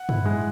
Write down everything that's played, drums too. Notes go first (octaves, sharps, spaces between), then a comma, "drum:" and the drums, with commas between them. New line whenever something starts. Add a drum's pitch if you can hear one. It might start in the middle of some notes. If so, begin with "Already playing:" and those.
Already playing: F#5
E4, drum: tom G2
G#3